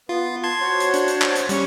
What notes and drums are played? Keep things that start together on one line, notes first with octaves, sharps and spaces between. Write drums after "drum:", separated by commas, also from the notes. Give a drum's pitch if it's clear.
B3 F4
A5 C6 G#6
F#4 C5 C#5
drum: hi-hat
D4, drum: hi-hat
drum: hi-hat
drum: clap
drum: hi-hat
G3 C#4 C#6, drum: hi-hat